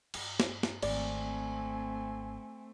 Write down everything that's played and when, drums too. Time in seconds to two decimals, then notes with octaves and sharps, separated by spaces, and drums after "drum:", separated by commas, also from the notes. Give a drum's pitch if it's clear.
0.14 G2, drum: cymbal
0.40 drum: snare
0.63 drum: snare
0.82 G#1 A3 C4 D5 G#5, drum: cymbal